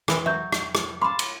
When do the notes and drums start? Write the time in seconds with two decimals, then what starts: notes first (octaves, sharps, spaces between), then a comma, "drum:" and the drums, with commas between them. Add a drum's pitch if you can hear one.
0.08 E3 G#3 G5, drum: rim click
0.26 F#3 E5 G6
0.52 drum: rim click
0.75 drum: rim click
1.01 F5 A5 B5 C6 D6
1.19 drum: cymbal